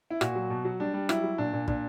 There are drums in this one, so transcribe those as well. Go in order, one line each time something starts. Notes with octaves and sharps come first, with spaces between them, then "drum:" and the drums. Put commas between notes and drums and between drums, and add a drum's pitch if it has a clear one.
E4
A#2 F#4, drum: rim click
F#3
B2
F#3
G3 D4
G3
F#3 E4, drum: rim click
F#3
A#2 D4
A#2
A#2 D4, drum: kick